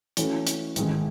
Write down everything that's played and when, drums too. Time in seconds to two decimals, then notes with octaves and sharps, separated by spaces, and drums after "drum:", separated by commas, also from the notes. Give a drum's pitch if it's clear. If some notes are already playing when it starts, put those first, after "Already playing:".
0.17 E3 A3 C#4 F#4, drum: hi-hat
0.47 drum: hi-hat
0.76 A1 G#2 D#3 G#3, drum: hi-hat